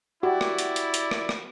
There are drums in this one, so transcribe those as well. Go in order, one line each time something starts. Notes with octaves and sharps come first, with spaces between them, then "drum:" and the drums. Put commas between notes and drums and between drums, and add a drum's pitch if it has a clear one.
E4 F#4 G4 D5
drum: rim click
drum: hi-hat
drum: hi-hat
drum: hi-hat
drum: rim click
drum: rim click